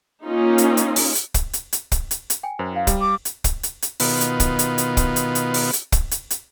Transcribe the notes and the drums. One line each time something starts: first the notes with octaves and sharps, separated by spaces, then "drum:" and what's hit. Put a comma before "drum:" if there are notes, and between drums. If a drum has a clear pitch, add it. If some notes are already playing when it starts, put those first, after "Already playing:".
A#3 C#4 D#4 F4
drum: hi-hat
drum: hi-hat
drum: open hi-hat
drum: hi-hat
drum: kick, hi-hat
drum: hi-hat
drum: hi-hat
drum: kick, hi-hat
drum: hi-hat
drum: hi-hat
G5 G#5
F#2 C5
E4 F5
G3, drum: kick, hi-hat
D6
drum: hi-hat
drum: kick, hi-hat
drum: hi-hat
drum: hi-hat
B2 D#3 B3 F4, drum: open hi-hat
drum: hi-hat
drum: kick, hi-hat
drum: hi-hat
drum: hi-hat
drum: kick, hi-hat
drum: hi-hat
drum: hi-hat
drum: open hi-hat
drum: hi-hat
drum: kick, hi-hat
drum: hi-hat
drum: hi-hat